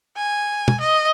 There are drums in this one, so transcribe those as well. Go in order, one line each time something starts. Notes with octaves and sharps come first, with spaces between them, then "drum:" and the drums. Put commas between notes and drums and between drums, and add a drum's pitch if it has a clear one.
G#5
drum: tom
D#5